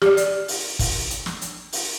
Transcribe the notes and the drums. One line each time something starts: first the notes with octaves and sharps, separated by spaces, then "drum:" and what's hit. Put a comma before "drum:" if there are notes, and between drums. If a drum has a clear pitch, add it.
G4 D5, drum: snare
drum: hi-hat
drum: open hi-hat
drum: kick, open hi-hat
drum: hi-hat
drum: snare
drum: hi-hat
drum: open hi-hat